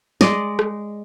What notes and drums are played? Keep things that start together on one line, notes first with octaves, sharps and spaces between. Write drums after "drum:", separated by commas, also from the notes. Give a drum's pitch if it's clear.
G#3 D5 D#5, drum: snare
drum: rim click